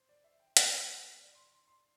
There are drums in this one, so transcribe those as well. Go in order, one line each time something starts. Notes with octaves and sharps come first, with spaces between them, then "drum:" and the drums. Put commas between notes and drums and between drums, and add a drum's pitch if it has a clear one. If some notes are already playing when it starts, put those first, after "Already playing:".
Already playing: C5
D5
E5
G5
B5, drum: hi-hat
C5
C5
D5
C6
C6
C6